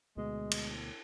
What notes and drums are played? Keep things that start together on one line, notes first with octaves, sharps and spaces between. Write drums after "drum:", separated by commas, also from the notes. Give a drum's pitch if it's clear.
D2 B2 G#3
drum: cymbal